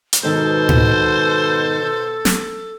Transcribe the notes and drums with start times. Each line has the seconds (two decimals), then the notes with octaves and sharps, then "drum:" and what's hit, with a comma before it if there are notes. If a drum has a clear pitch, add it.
0.13 drum: hi-hat
0.23 G#2 B2 D#3 A4 C5
0.69 drum: tom A2
2.25 drum: snare